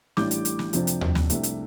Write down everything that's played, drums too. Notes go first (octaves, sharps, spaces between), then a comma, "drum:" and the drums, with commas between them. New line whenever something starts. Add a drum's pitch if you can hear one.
A1 A2 G3 D4 D6 G6, drum: snare
drum: hi-hat
drum: hi-hat
drum: snare
F2 C3 F3 D4, drum: hi-hat
drum: hi-hat
drum: tom D#2
drum: snare
C2 C3 A3 D4, drum: hi-hat
drum: hi-hat